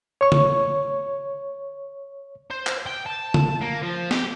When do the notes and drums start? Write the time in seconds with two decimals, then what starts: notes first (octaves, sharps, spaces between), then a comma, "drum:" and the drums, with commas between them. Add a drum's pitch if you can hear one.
0.21 C#5 C#6
0.32 drum: tom C#3
2.51 C5
2.67 drum: clap
2.86 G5
3.06 A5
3.34 drum: tom C#3
3.62 A#3
3.83 F3
4.11 G4, drum: snare